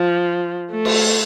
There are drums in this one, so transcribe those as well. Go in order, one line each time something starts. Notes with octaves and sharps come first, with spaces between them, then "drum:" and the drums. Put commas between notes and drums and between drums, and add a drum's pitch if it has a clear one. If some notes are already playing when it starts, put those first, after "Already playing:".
Already playing: F3
A3
drum: cymbal